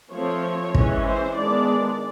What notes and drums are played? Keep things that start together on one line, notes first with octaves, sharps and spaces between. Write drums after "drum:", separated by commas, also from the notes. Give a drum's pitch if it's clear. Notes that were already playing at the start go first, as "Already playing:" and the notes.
F3 A3 C4 C#5
E3 G#3 C#4, drum: kick
C5
D#3 G#3 B3 D4 D5